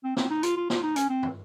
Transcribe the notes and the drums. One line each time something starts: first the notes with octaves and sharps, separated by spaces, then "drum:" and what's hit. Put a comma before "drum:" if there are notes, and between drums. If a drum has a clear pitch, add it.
C4
C4, drum: snare
D#4
F4, drum: hi-hat
F4
F4, drum: snare
D#4
C#4, drum: hi-hat
C4
drum: tom